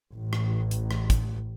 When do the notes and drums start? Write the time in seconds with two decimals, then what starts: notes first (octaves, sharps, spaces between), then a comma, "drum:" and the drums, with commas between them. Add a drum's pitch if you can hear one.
0.13 A1
0.33 drum: rim click
0.71 drum: hi-hat
0.91 drum: rim click
1.10 drum: kick, hi-hat